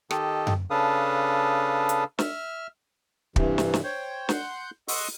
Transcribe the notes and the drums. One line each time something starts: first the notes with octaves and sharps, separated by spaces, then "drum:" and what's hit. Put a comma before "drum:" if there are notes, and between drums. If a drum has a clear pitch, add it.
D#3 G4 A4 D#5, drum: rim click
drum: tom F#2
C#3 D4 A4 B4 F5 D#6
drum: hi-hat
E5 F6, drum: snare
G2 C3 E3, drum: kick
drum: snare
drum: snare
C5 C#5 G5
F#5 C6 G6, drum: snare
D#5 F#5 C6 C#6 D#6 E6, drum: open hi-hat